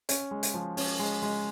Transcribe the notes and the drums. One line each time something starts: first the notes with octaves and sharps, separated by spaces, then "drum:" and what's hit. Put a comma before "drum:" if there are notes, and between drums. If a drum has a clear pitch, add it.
C#4, drum: hi-hat
G#3
drum: hi-hat
F3
C#4, drum: open hi-hat
G#3
G#3